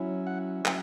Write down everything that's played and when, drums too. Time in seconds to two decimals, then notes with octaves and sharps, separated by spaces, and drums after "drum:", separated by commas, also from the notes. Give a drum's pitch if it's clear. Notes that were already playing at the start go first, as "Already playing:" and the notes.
Already playing: F#3 C#4 E4
0.27 F#5
0.66 F#3 C#4 E5, drum: clap